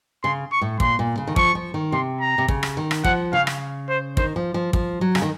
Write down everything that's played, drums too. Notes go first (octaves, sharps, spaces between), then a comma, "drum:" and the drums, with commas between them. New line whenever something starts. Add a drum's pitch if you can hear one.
C#3 C6
C#6
A2
A#2 C6, drum: kick
A#2
C#3
D#3
F3 C#6, drum: kick
F3
D#3
C3 C6
A#5
C3
C#3, drum: kick
drum: rim click
D#3
drum: rim click
F3 F#5, drum: kick
C#3 F5
drum: rim click
C5
D#3 C5, drum: kick
F3
F3
F3, drum: kick
F#3
C#3, drum: rim click
D#3